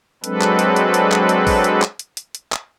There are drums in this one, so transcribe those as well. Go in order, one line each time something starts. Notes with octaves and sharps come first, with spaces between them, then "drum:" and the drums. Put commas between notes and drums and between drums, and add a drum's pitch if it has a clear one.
F#3 G#3 C4 D4 A4 B4, drum: hi-hat
drum: clap
drum: hi-hat
drum: hi-hat
drum: hi-hat
drum: clap
drum: hi-hat
drum: kick, open hi-hat
drum: hi-hat
drum: clap
drum: hi-hat
drum: hi-hat
drum: hi-hat
drum: clap